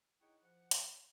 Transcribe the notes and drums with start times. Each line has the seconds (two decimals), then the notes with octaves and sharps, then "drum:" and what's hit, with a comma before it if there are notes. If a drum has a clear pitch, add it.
0.21 D#4 E4 G#4 C#5 F#5 G5
0.42 F3 F#5
0.71 drum: hi-hat